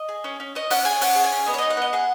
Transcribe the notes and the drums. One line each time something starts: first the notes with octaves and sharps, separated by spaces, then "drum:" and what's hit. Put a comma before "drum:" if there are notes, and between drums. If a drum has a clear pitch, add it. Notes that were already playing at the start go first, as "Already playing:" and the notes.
Already playing: D#5
G#4
C#4
C#4
C#4 D#5
C#4 F#5, drum: open hi-hat
G#4 G#5
C#4 F#5, drum: open hi-hat
G#4
G#5
C#4
B3 D#5
C#5
D#4 D#5
F#5
B3 D#5
G#4 F#5